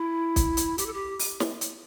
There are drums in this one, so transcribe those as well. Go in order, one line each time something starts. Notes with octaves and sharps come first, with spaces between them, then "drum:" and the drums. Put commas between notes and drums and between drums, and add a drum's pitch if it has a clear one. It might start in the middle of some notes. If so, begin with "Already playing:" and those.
Already playing: E4
drum: kick, hi-hat
drum: hi-hat
G4, drum: hi-hat
A4
G4
drum: open hi-hat
drum: snare
drum: hi-hat